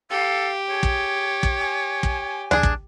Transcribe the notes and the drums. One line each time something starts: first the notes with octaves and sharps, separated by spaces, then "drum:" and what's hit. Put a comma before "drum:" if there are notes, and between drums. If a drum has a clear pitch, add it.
G4 A4 F5
G#4 C#5
drum: kick
drum: kick
G#5
drum: kick
D4 G#4, drum: tom D#2
drum: kick